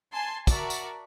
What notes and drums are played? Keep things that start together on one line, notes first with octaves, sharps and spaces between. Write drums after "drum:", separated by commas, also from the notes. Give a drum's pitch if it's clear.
G#5 A5 C6 C7
F#4 A#4 D5 E5 A5, drum: kick, tambourine
drum: tambourine